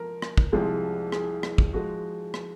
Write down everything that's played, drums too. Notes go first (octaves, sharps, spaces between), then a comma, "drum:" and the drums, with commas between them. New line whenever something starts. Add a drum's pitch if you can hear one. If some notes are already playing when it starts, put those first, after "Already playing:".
Already playing: F3 A#4
drum: rim click
drum: kick
C2 C3 F3 G#3 G#4
G#4, drum: rim click
drum: rim click
drum: kick
F3 G#3 F#4
drum: rim click